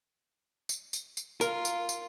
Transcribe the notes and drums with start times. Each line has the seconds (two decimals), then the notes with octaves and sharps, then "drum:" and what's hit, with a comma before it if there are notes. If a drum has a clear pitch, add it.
0.69 drum: tambourine
0.93 drum: tambourine
1.17 drum: tambourine
1.41 F4 A#4, drum: tambourine
1.65 drum: tambourine
1.89 drum: tambourine